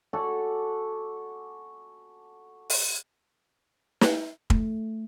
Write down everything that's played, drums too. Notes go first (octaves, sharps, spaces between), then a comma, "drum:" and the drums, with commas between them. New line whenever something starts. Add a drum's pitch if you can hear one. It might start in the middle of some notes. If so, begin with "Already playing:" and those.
F#4 A4 D5 G#5
drum: open hi-hat
drum: snare
A3, drum: kick